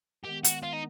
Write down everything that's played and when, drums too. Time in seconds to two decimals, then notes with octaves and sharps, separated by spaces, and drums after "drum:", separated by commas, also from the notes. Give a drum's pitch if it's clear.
0.25 D#3 G#3 B3 G4
0.44 F#4, drum: hi-hat
0.64 F4
0.73 D#4